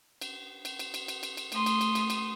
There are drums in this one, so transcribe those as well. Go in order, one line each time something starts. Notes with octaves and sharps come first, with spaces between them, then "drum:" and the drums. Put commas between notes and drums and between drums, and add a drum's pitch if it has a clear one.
drum: cymbal
drum: cymbal
drum: cymbal
drum: cymbal
drum: cymbal
drum: cymbal
drum: cymbal
A3 C6 D#6, drum: cymbal
drum: cymbal
drum: cymbal
drum: cymbal
drum: cymbal